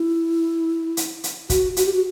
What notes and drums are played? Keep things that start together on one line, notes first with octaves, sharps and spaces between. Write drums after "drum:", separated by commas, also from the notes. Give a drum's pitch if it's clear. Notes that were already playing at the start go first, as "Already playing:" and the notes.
Already playing: E4
drum: hi-hat
drum: hi-hat
F#4, drum: kick, hi-hat
F#4, drum: hi-hat
G4
F#4